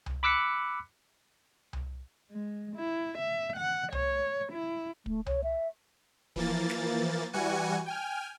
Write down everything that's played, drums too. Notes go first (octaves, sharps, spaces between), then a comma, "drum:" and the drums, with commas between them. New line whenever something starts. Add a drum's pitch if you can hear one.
drum: tom C2
B5 D6 E6 F#6 B6 C#7
drum: tom C2
G#3
E4
E5
F#5
C#5, drum: tom C2
E4
A3, drum: kick
C#5, drum: tom C2
E5
E3 F3 A#3 A6, drum: kick
drum: snare
E3 G3 F#4 F#5 G#5 C#7
G5 G#5 F6